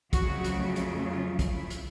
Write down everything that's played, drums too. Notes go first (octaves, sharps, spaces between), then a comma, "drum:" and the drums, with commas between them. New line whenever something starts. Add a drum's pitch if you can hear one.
F2 C#3 F#3 A3 F#4, drum: kick, hi-hat
drum: hi-hat
drum: hi-hat
F4
drum: kick, hi-hat
E4
drum: hi-hat